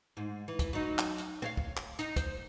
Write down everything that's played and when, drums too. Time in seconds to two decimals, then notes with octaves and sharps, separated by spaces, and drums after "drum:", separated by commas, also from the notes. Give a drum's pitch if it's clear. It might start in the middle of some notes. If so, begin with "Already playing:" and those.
0.17 G#2
0.48 E3
0.59 drum: kick, hi-hat
0.73 F#3 D#4
0.99 drum: clap
1.18 drum: hi-hat
1.42 C4 C#5 F5
1.57 drum: kick
1.77 drum: clap
1.99 D#4, drum: hi-hat
2.16 C5, drum: kick, hi-hat